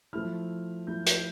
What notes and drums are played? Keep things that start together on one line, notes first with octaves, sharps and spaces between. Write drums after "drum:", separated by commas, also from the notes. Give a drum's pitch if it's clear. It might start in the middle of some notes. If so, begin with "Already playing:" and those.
F3 A3 E4 F6
F3 A3 E4 G6
G6, drum: hi-hat